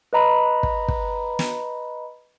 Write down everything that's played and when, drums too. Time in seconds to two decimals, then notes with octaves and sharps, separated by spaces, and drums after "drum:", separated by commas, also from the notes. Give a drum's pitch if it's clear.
0.13 B4 D#5 A#5 B5
0.63 drum: kick
0.88 drum: kick
1.39 drum: snare